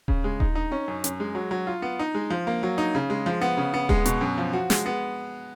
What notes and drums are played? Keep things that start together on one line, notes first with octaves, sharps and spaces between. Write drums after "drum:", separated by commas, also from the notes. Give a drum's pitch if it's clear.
C#3, drum: kick D#1
G#3
D#4, drum: kick D#1
D#4
C#4
F#2
F#2, drum: hi-hat
G#3
F#3
F#3
F4
B3
D#4
G#3
F3
A#3
F#3
D#4
C#3
G#3
F3
B3
C#3
B3
G#3, drum: kick D#1
B2, drum: hi-hat
F#2
F3
F#4
G#3, drum: snare
B3